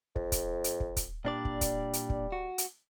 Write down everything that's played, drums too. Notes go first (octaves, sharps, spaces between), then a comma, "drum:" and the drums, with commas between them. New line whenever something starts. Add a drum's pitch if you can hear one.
F2, drum: kick
drum: kick, hi-hat
drum: hi-hat
drum: kick
drum: kick, hi-hat
A#2 G3 D4 D5
drum: kick
drum: kick, hi-hat
drum: hi-hat
drum: kick
F#4
drum: hi-hat